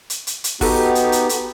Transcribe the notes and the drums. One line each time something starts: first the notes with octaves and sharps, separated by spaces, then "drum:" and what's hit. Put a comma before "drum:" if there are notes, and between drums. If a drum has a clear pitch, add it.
drum: hi-hat
drum: hi-hat
drum: hi-hat
B3 D#4 F#4 G4 A4, drum: kick, open hi-hat
drum: hi-hat
drum: hi-hat
drum: hi-hat